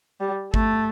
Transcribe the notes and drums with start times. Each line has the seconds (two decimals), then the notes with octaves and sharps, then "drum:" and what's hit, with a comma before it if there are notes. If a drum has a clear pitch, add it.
0.21 G3
0.54 A3, drum: kick G#1